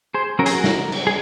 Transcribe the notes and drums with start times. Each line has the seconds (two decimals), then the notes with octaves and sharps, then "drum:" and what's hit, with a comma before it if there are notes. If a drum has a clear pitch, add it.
0.14 G#4 C5
0.39 F#3 C#4 A#4
0.46 G#4, drum: hi-hat
0.53 F#4 A#4
0.64 drum: snare
0.92 drum: cymbal
1.07 G#4